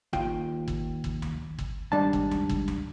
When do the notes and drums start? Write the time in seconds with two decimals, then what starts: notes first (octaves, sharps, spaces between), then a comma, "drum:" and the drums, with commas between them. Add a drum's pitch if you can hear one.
0.13 D#2 F4 G5, drum: kick
0.68 drum: kick
1.04 drum: kick
1.22 drum: tom D2
1.59 drum: kick
1.92 G#2 D#3 G3 D4 A5
2.13 drum: kick
2.31 drum: tom D2
2.49 drum: kick
2.68 drum: tom D2